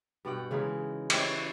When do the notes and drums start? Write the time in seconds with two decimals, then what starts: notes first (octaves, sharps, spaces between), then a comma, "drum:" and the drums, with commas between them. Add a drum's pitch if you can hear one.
0.25 G2 B2 F#5 G5
0.51 C#3 E3 G#3 D#4
1.10 E4 G4 C#5, drum: cymbal